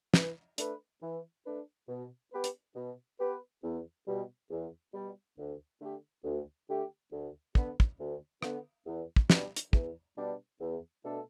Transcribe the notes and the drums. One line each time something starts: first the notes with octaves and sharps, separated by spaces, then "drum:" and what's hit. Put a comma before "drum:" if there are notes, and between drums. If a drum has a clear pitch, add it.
E3, drum: snare
A3 D4 B4, drum: hi-hat
E3
A3 D4 B4
B2
B3 G4 B4
drum: hi-hat
B2
B3 G4 B4
E2
B2 G3
E2
B2 G3
D2
D3 A3 G4
D2
D3 A3 G4
D2
D3 B3, drum: kick
drum: kick
D2
D3 B3, drum: rim click
E2
drum: kick
B2 G3 B3 D4, drum: snare
drum: hi-hat
E2, drum: kick
B2 G3 B3 D4
E2
B2 A3 D4 A4